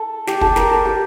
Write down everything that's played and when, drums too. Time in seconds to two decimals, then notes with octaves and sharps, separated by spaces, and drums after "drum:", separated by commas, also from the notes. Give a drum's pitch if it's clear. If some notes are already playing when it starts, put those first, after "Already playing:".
Already playing: A4
0.27 G4, drum: snare
0.41 A4, drum: kick
0.56 A#4, drum: snare
0.71 A4
0.85 G4